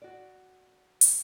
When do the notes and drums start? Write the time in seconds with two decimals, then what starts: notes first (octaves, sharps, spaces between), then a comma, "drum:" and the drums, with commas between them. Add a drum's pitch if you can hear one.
0.02 F#4 D5
1.01 drum: hi-hat